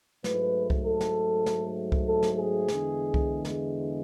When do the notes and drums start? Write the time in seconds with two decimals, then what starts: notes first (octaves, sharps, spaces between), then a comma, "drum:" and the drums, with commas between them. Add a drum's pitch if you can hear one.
0.24 G#2 F#3 A3 B4, drum: snare
0.70 drum: kick C2
0.85 A4
1.01 drum: snare
1.46 drum: snare
1.92 drum: kick C2
2.07 A4
2.23 drum: snare
2.38 G#4
2.68 E2 D3 G#3, drum: snare
3.14 drum: kick C2
3.45 drum: snare